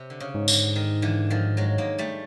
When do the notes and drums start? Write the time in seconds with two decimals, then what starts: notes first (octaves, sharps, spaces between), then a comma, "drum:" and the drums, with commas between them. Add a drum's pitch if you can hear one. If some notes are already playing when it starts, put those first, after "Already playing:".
Already playing: C3
0.10 D3
0.20 C#3
0.34 G#2
0.48 D3, drum: tambourine
0.76 D#3
1.02 D3 E3
1.30 D#3 F3
1.57 F#3 G#3
1.78 G#3 A#3
1.98 G3 A3